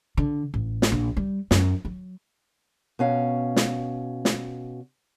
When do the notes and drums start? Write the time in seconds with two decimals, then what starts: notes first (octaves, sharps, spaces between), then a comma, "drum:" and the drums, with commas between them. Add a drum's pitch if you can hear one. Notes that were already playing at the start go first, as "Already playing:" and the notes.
0.17 D3
0.54 A1
0.82 drum: snare
0.92 A#1
1.17 G3
1.51 F#2, drum: snare
1.85 F#3
2.99 B2 C#4 F5
3.56 drum: snare
4.25 drum: snare